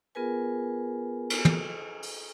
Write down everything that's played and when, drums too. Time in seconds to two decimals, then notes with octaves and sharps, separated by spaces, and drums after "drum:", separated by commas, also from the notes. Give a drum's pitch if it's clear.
0.15 B3 F4 G#4 A#4 B4 G#5
1.30 drum: cymbal
1.45 drum: tom
2.03 drum: open hi-hat